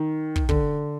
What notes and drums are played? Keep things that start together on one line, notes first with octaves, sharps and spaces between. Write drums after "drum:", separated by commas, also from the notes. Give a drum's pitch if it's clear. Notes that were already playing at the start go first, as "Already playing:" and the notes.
Already playing: D#3
drum: kick
D3, drum: kick